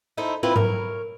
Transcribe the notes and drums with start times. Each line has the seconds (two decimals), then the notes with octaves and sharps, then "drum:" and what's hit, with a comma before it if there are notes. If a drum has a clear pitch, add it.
0.17 D#4 E4 A4 C5
0.43 C4 E4 F4 B4
0.56 A#4 C#5, drum: tom G#2